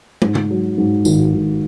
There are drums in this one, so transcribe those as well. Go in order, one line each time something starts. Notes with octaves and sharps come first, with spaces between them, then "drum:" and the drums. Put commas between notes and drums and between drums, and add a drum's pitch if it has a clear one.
G#2, drum: tom
drum: tom
F#3
G#2
G#1, drum: tambourine
G#1